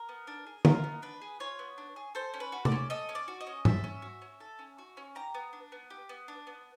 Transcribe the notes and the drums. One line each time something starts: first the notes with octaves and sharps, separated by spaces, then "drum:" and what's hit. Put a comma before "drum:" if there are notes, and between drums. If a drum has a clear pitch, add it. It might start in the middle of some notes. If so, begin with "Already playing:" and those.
Already playing: A#4
B3
D4
G#4
F4 A#4, drum: tom D3
B3
D4 B4
G#4
F4 C#5
B3
D4
G#4
A4 C5
C#4
B4
F#4
D5, drum: tom C3
C#4
A4 D#5
C#4
D5
F#4
D#5
C#4
A4 E5, drum: tom G#2
C#4
F#4
C#4
A4
C#4
F#4
C#4
G4 A#5
B3
D4
B3
G4
B3
D4
B3